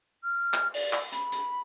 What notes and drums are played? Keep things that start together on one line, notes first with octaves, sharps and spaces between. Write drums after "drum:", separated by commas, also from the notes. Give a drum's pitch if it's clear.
F6
drum: clap
D5, drum: open hi-hat
drum: clap
B5, drum: hi-hat
drum: hi-hat